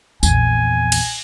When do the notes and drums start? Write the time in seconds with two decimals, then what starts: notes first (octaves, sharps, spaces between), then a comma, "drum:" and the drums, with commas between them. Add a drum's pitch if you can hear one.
0.23 A#1 E2 G#5, drum: tambourine
0.92 drum: cymbal